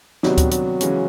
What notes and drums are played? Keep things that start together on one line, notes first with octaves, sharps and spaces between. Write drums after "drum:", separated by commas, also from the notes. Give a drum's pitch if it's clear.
C3 D#3 F#3 G3 B3 D4, drum: snare
drum: kick D2, hi-hat
F#3, drum: hi-hat
C#3 E3 G#3 C#4, drum: hi-hat